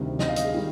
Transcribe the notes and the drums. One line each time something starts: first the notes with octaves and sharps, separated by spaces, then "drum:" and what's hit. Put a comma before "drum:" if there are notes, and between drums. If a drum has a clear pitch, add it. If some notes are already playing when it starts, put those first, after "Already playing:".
Already playing: D2 C3 D#3 G3
D#5, drum: snare
F5
D#5, drum: hi-hat
G#4
D#3 G3